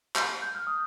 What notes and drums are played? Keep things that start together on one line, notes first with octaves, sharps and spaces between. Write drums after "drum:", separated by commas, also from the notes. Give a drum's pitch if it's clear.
G6, drum: clap
G6
F6
D#6